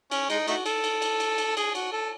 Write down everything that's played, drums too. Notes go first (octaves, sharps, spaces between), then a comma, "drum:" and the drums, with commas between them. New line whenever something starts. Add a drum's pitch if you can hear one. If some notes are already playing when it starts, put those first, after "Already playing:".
C#4, drum: cymbal
G#3 D#4, drum: cymbal
A3 D#4 F#4, drum: cymbal
A4, drum: cymbal
drum: cymbal
drum: cymbal
drum: cymbal
drum: cymbal
G#4, drum: cymbal
F#4, drum: cymbal
A4